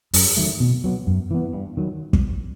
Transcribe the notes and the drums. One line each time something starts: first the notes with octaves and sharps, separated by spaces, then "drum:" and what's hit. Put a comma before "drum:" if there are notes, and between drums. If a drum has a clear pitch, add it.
F#2, drum: open hi-hat
D#3 F#3 A3
B2
F#3 B3
F#2
E3 B3
G2
D#3 F#3
drum: kick